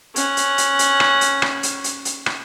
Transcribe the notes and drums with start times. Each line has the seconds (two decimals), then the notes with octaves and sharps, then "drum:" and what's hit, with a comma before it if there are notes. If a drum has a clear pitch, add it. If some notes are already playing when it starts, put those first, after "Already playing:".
0.16 C#4 F#5, drum: hi-hat
0.37 drum: hi-hat
0.58 drum: hi-hat
0.79 drum: hi-hat
1.00 drum: rim click
1.21 drum: hi-hat
1.42 drum: rim click
1.63 drum: hi-hat
1.84 drum: hi-hat
2.05 drum: hi-hat
2.26 drum: rim click